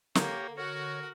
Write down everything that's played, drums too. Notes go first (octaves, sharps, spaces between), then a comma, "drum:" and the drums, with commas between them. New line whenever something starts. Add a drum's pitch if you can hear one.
D3 A#3 G4 A#4 C#5, drum: snare
F#4 A#4 C#5 F#5